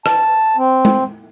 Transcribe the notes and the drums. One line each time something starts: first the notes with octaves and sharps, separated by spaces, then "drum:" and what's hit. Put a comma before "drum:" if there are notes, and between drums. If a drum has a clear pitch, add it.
A5, drum: rim click
C4
drum: tom G#3